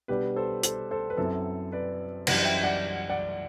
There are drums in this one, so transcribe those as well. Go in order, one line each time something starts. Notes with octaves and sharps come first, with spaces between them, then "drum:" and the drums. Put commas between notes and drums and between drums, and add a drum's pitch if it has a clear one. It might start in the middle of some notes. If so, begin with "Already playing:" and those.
B2 G3 D4 G4 B4
A4 C5
A4 C5, drum: hi-hat
A4 C5
B4
F#2 F#3 C4 E4 A4 C5
B4 D5
F#2 E3 G3 D4 D5 F#5, drum: cymbal
E5 G5
D5 F#5
D5 F#5